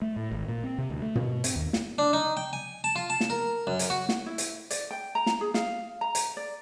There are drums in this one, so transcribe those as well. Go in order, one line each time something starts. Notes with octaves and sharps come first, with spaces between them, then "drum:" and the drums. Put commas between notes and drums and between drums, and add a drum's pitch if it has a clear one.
A3
A2
G#1
A#2
C4
C3
D2
A3
B2, drum: tom
C4, drum: hi-hat
D#2
drum: snare
D4
D#4
G5
G#5
A5
F4
A5
drum: snare
A#4
F#2
drum: hi-hat
F#4
drum: snare
E4
drum: hi-hat
D5, drum: hi-hat
G5
A#5
drum: snare
G#4
F5, drum: snare
A#5
drum: hi-hat
D5